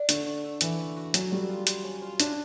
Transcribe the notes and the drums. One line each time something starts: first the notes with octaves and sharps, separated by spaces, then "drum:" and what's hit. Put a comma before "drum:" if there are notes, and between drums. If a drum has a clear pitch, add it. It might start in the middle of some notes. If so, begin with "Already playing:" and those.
Already playing: D4
D3 A3, drum: hi-hat
A3
A3
E3 A3, drum: hi-hat
A3
F#4
F#3 C#4, drum: hi-hat
G3 A3
F4
F4, drum: hi-hat
C#4
F4
C#4 D4, drum: hi-hat